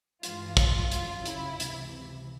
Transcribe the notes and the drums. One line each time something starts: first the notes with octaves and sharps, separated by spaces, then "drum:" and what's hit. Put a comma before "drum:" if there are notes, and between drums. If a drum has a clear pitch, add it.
G2 E3 G#3 F4, drum: hi-hat
F4, drum: kick, hi-hat
F#2 C#3 F#3 F4, drum: hi-hat
E4, drum: hi-hat
C#2 C3 E3, drum: hi-hat